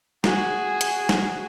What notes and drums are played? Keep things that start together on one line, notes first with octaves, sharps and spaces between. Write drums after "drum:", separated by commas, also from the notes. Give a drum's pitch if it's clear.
F#4 G#4, drum: snare
drum: hi-hat
drum: snare